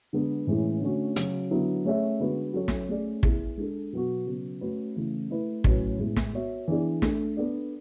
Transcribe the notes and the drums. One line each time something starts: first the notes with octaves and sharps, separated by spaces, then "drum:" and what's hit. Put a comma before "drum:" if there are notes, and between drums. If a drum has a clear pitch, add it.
D3 G#3 B3 D4
A2 E3 G#3 C#4 E4
D3 A3 C#4 F#4
C#3 F#3 C#4 F#4, drum: hi-hat
D3 F#3 B3 E4
A3 C#4 G#4 C#5 E5
D3 G#3 B3 F#4 B4
F#3 C#4 F#4 A4 C#5
drum: snare
A3 C#4 G#4 D5
B3 E4 G#4, drum: kick
G#3 D4 A4
B2 F#3 B3 F#4
C#3 F#3 B3
A3 C#4 F#4 B4
C#3 E3 A3 E4
A3 E4 B4
A2 F#3 C#4 F#4 B4, drum: kick
A2 G#3 B3 E4
drum: snare
B3 F#4 C#5 E5
E3 B3 D4 G#4 D5
A3 D4 A4, drum: snare
B3 D4 A4 D5